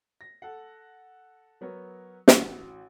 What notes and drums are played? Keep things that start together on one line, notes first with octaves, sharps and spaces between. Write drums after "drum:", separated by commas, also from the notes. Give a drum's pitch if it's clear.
A#6
A4 F#5
F#3 B3 A#4 C#5
A1 F#4, drum: snare